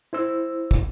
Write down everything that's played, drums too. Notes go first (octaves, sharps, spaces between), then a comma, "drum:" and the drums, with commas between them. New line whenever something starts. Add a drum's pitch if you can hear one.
E4 C5 E6
drum: kick